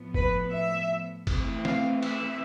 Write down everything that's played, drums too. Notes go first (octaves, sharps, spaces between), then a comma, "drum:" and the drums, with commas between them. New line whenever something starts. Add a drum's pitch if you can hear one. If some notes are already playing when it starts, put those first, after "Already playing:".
Already playing: A2 F3 B3
B4, drum: kick F#1
E5
E3 A3 C4, drum: kick F#1, cymbal
F5, drum: snare
E5, drum: cymbal